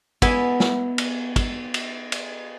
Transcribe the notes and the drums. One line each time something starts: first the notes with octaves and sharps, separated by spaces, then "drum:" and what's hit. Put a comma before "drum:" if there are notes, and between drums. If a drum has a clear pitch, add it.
B3 E4 G#5, drum: kick, cymbal
drum: snare
drum: cymbal
drum: kick, cymbal
drum: cymbal
drum: cymbal